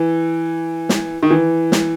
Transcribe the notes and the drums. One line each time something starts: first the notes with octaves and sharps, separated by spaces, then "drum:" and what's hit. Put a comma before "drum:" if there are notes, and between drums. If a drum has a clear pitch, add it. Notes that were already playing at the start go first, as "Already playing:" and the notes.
Already playing: E3
drum: snare
D#3
E3
drum: snare